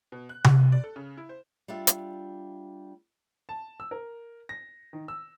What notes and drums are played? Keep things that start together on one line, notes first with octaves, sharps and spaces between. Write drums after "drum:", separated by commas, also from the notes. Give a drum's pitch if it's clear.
B2
F#6
F#5, drum: tom C3
D#2
D5
A4
C#3
E4
C5
G3 D4 F4 E5
drum: hi-hat
A5
E6
A#4
A#6
D#3
E6